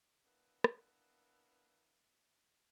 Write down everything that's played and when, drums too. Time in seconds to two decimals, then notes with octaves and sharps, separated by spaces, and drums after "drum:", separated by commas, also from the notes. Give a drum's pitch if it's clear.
0.25 E3 A#3 B3 D4
0.64 drum: rim click